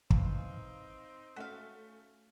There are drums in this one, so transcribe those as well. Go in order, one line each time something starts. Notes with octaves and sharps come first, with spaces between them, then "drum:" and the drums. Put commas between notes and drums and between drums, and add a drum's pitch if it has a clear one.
E3 C4 D#4 F5, drum: kick
A3 C#4 F#4 E5 F5 B6